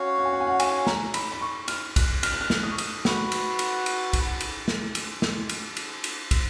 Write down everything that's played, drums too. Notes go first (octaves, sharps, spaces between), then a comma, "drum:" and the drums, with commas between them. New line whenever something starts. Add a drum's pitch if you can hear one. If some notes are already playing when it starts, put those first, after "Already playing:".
Already playing: C#4 F#4 C#5 F5
F#5
G#5
F#5
G#5
F#5
G#5, drum: cymbal
A#5, drum: snare
B5, drum: cymbal
B5
C#6
F6, drum: cymbal
F#6, drum: kick, cymbal
F6, drum: cymbal
F#6
F6
drum: snare
D#6
C#6
D#6, drum: cymbal
F#4 B4 F#5, drum: snare
drum: cymbal
drum: cymbal
drum: cymbal
drum: kick, cymbal
drum: cymbal
drum: snare
drum: cymbal
drum: snare
drum: cymbal
drum: cymbal
drum: cymbal
drum: kick, cymbal